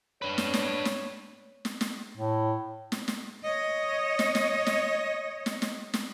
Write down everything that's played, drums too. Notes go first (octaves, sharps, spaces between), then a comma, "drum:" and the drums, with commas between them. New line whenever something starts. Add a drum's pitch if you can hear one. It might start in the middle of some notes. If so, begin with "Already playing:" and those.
D4 B4 C#5
drum: snare
drum: snare
drum: snare
drum: snare
drum: snare
A2
drum: snare
drum: snare
C#5 D#5
drum: snare
drum: snare
drum: snare
drum: snare
drum: snare
drum: snare